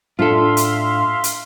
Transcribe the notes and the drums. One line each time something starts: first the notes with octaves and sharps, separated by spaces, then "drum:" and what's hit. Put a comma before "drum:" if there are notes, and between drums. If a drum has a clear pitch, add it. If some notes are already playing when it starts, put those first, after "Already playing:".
A2 D4 F4 A4 E5 F5 C6
drum: hi-hat
drum: hi-hat